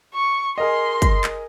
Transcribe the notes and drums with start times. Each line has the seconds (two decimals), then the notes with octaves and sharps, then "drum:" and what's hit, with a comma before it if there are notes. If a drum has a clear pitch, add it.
0.14 C#6
0.58 G#4 A#4 D#5 C6
1.02 drum: kick, hi-hat
1.24 drum: clap